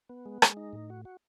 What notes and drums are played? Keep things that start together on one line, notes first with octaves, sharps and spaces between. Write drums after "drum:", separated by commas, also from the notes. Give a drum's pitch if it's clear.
B3
G#3
G#3, drum: rim click
D#4
A2
F#4
F#4